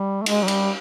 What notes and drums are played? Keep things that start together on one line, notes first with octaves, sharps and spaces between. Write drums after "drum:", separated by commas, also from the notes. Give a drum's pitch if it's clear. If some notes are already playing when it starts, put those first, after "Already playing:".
Already playing: G3
A3
G#3, drum: cymbal
F#3
G3, drum: cymbal